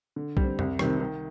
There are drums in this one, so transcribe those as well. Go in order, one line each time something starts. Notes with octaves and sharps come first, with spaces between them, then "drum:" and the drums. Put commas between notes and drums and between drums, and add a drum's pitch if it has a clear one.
D3
G3 C4, drum: kick B1
C2, drum: tom F2
C3 D#3 G3, drum: rim click
D#3